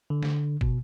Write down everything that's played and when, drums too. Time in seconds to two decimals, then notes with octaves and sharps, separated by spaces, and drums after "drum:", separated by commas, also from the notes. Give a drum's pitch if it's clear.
0.10 D3
0.23 drum: snare
0.61 B2, drum: kick